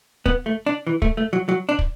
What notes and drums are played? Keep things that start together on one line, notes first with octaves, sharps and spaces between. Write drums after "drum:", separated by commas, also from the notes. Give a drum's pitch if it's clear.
B3, drum: kick
A3
D4
E3
A3, drum: kick
A3
F#3
F#3
D4
drum: kick